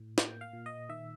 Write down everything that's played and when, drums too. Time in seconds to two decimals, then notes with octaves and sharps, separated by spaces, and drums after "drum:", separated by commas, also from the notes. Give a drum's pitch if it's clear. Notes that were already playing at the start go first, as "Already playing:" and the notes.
Already playing: A2
0.18 A#3 G5, drum: snare
0.41 F5
0.53 A#2
0.66 D#5
0.89 D#3 E5